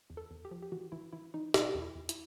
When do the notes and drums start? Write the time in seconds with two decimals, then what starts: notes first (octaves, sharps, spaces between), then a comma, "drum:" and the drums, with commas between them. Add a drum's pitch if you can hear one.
0.10 E2
0.17 A4
0.31 E2
0.45 G4
0.51 F3
0.62 G4
0.72 E3 F#4
0.92 E3 E4
1.13 E3 E4
1.34 E3 D#4
1.54 B2 D#4, drum: snare
1.75 E2
1.82 E4
1.96 E2
2.09 E4, drum: hi-hat